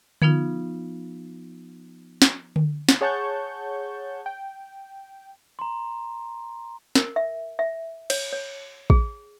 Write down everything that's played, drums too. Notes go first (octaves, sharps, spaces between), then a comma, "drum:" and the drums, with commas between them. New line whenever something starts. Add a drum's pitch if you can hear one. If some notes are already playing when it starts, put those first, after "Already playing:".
F3 B3 D#4 F4, drum: tom D3
drum: snare
drum: tom D3
drum: snare
G#4 C#5 F#5 A5 C#6 G6
G5
A#5 C6
A#4, drum: snare
E5
E5
C#5, drum: cymbal
C#5
G#4, drum: kick A1